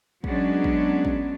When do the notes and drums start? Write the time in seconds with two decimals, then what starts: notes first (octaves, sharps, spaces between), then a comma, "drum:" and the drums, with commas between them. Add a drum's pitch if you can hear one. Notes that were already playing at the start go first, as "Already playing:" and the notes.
0.24 F#3 G#3 B3 C#4 D4, drum: kick
0.64 drum: kick
1.05 drum: kick